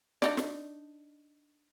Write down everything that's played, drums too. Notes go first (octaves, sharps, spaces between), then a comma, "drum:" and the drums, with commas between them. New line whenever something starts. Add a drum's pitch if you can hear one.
D4 D#4 D5, drum: snare
drum: snare